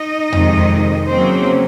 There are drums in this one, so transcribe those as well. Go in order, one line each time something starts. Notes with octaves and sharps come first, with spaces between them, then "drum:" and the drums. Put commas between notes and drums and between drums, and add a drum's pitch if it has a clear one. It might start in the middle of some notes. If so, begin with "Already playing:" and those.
Already playing: D#4 D#5
F2 C3 D#3 G#3, drum: tom E2
C#3 F#3 A#3 C4 C#4 C5